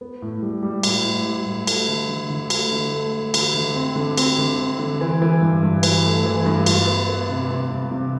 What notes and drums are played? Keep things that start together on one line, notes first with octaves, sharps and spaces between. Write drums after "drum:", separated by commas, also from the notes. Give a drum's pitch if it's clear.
B3
A2
G3
G3
A2, drum: cymbal
A2
G3
A2
A3, drum: cymbal
D3
D3
D3
A3, drum: cymbal
D3
A3
A3
D3, drum: cymbal
D3
C4
D3
C4, drum: cymbal
D3
C4
D3
E3
E3
G2
G2
E3, drum: cymbal
A3
E3
G2
F4, drum: cymbal
B3
B3
C3
C3
C3
C3